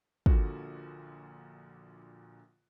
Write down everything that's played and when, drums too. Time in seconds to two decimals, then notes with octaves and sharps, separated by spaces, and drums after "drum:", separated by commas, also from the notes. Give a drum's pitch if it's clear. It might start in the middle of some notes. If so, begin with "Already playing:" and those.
0.26 A#1 A#2 D3 A#3 F#4, drum: kick